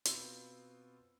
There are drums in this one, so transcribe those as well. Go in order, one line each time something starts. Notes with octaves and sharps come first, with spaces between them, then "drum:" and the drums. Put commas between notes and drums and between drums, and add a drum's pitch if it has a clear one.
B2 B3 C4 F4 C6 E6, drum: hi-hat